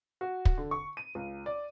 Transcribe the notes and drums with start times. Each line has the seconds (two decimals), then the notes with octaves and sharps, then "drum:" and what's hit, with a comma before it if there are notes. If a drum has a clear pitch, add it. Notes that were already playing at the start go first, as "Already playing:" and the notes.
0.21 F#4
0.45 drum: kick
0.58 D3
0.71 C#6
0.97 D#7
1.15 C#2
1.46 D5